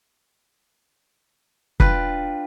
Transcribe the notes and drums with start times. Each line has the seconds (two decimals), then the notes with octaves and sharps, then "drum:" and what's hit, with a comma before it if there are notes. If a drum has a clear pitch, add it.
1.80 D4 F4 B4 G5, drum: kick